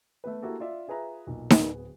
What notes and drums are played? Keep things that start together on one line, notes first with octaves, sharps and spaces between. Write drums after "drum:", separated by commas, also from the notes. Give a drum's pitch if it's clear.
A3 B3 B4
A3 A#3 E4 F#4 G4 A4
F4 D5 E5
F4 G#4 B4 E5 A#5
B1 A#2
D1 B3 G#4, drum: snare D#4